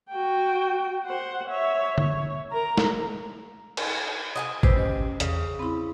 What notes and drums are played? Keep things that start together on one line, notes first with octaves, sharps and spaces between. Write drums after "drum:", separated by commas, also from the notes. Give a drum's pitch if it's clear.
F#4 G5
C5 F#5
C#5 E5
C#5, drum: tom D3
A#4 A#5
drum: snare
drum: cymbal
D#5 F#5 G#5
A#1 G4 B4 C5 E6, drum: kick G#1
C#4 D#5
E2 C#3, drum: hi-hat
C4 E4 B5 C6